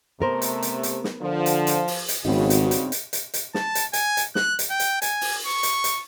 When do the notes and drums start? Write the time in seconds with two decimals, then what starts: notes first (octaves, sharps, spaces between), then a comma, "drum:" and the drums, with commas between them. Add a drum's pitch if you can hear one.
0.20 C3 A3 B3 A#4 C5
0.42 drum: hi-hat
0.62 drum: hi-hat
0.83 drum: hi-hat
1.04 drum: snare
1.22 D3 F3
1.46 drum: hi-hat
1.67 drum: hi-hat
1.88 drum: open hi-hat
2.08 drum: hi-hat
2.25 G#1 G2 C#3 B3 C4 D#4 F#4
2.50 drum: hi-hat
2.71 drum: hi-hat
2.92 drum: hi-hat
3.13 drum: hi-hat
3.34 drum: hi-hat
3.54 A5, drum: snare
3.75 drum: hi-hat
3.93 G#5, drum: hi-hat
4.17 drum: hi-hat
4.35 F#6, drum: snare
4.59 drum: hi-hat
4.70 G5
4.80 drum: hi-hat
5.02 G#5, drum: hi-hat
5.21 drum: open hi-hat
5.46 C#6
5.63 drum: hi-hat
5.84 drum: hi-hat